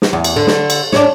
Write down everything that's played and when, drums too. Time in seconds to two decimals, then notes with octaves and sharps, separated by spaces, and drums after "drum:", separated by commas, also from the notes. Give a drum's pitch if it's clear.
0.02 drum: snare
0.13 E2
0.24 drum: cymbal
0.36 D3
0.47 drum: snare
0.70 drum: cymbal
0.92 C#4 D4, drum: snare